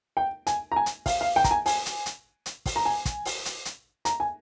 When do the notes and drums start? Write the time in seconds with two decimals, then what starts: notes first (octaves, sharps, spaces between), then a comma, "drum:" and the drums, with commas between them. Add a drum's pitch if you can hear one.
0.17 G5
0.47 G#5, drum: hi-hat
0.72 A#5
0.76 G#5
0.86 drum: hi-hat
1.06 F5, drum: kick, open hi-hat
1.21 F5
1.36 G5
1.44 A#5, drum: kick, hi-hat
1.51 G#5
1.66 G#5, drum: open hi-hat
1.86 drum: hi-hat
2.06 drum: hi-hat
2.46 drum: hi-hat
2.66 drum: kick, open hi-hat
2.76 A#5
2.85 G#5
3.05 drum: kick, hi-hat
3.25 drum: open hi-hat
3.45 drum: hi-hat
3.65 drum: hi-hat
4.05 A#5, drum: hi-hat
4.20 G#5